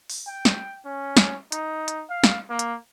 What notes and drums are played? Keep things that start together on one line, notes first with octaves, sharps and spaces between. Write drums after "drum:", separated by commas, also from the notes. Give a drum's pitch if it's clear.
drum: open hi-hat
G5
drum: snare
C#4
drum: snare
D#4, drum: hi-hat
drum: hi-hat
F5
drum: snare
A#3
drum: hi-hat